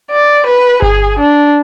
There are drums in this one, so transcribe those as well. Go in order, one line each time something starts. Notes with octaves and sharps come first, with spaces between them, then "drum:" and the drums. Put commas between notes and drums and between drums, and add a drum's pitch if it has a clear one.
D5
B4
G#4, drum: kick G1
D4